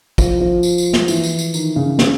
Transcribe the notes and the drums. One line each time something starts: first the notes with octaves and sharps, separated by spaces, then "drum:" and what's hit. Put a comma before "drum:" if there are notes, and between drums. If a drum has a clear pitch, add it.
F3, drum: kick, tambourine
F3
drum: tambourine
drum: tambourine
drum: snare
E3, drum: tambourine
drum: tambourine
drum: tambourine
D#3, drum: tambourine
C#3
C#3, drum: snare